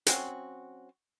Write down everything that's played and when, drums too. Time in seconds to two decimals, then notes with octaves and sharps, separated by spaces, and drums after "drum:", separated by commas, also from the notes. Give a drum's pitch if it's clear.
0.06 F#3 C4 C#4 F#4, drum: hi-hat